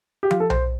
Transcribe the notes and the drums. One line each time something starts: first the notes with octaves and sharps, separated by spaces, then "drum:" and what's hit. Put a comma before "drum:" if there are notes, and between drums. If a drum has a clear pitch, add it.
G4
F4, drum: tom
A4
C5, drum: tom B1